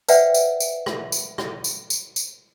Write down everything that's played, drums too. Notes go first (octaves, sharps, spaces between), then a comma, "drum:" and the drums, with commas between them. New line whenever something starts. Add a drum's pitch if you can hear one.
B4 C5 D5 E5 F#5 G5, drum: tambourine
drum: tambourine
drum: tambourine
drum: rim click
drum: tambourine
drum: rim click
drum: tambourine
drum: tambourine
drum: tambourine